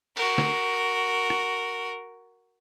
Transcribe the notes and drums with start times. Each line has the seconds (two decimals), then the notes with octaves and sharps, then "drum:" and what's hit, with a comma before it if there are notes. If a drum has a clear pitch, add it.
0.17 F#4 A#4, drum: cymbal
0.38 drum: snare
1.30 drum: rim click